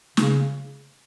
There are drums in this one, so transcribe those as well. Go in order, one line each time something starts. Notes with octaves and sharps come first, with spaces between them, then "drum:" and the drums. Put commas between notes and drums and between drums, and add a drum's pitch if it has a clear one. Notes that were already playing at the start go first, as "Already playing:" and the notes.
C#3, drum: snare